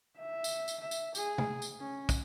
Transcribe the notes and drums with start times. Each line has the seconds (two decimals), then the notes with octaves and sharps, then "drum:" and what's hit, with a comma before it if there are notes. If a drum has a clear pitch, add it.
0.17 E5
0.44 drum: tambourine
0.68 drum: tambourine
0.80 E5
0.91 drum: tambourine
1.15 G#4, drum: tambourine
1.38 drum: tom
1.62 drum: tambourine
1.80 C#4
2.09 drum: kick, tambourine